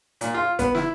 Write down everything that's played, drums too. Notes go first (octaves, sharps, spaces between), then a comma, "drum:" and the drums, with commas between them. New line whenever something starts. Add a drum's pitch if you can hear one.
A#2, drum: hi-hat
F4
B3, drum: kick, hi-hat
E4, drum: snare